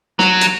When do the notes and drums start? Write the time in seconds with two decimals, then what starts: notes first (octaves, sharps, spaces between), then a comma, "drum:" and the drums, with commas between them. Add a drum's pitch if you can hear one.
0.19 F#3, drum: snare
0.41 drum: hi-hat